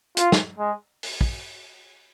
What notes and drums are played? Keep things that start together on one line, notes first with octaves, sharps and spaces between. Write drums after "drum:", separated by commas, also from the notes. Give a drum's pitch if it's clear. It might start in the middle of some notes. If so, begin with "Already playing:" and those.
F4, drum: hi-hat
drum: snare
G#3
drum: open hi-hat
drum: kick